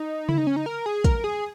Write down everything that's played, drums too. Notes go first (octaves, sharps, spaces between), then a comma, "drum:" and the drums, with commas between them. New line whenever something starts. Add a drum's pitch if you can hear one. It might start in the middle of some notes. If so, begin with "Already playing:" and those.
Already playing: D#4
E4, drum: tom C#3
D#4
C#4
D#4
A#4
G#4
A#4, drum: kick, hi-hat
G#4